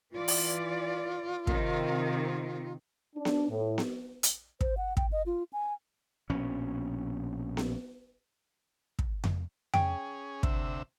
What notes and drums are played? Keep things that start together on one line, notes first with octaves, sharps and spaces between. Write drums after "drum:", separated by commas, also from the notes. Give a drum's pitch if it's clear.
E3 F4 D5
drum: open hi-hat
C3 D#3 C4, drum: kick
D4
drum: snare B3
A2
drum: snare B3
drum: hi-hat
C5, drum: kick
F#5
G5, drum: kick
D#5
F4
G#5
A#1 B2 C#4
drum: snare B3
drum: kick
drum: tom F2
C#4 G#4 G5, drum: tom F2
D2 C3 E5, drum: kick